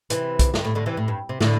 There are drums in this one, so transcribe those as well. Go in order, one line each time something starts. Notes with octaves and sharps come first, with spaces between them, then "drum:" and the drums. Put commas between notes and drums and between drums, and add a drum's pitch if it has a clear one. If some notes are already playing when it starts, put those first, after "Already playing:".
C3 E3, drum: hi-hat
drum: kick, hi-hat
G2, drum: snare
A2
A2 D3
C3 E3
A2
G2
C3
A2 D3, drum: snare